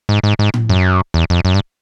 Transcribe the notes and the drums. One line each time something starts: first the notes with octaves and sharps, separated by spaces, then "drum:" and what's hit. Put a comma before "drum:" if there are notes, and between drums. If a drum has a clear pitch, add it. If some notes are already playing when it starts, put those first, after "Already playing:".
G#2
G#2
G#2
drum: tom A2
F#2
E2
F2
F#2
G2